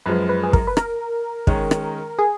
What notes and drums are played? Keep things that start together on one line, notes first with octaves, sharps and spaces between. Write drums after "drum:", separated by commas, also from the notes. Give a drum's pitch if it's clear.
F#2 F3 G#3 B4
B4
G#4
A#4, drum: kick
B4
A#4, drum: rim click
D#3 G#3 C#4, drum: kick
drum: rim click
G#4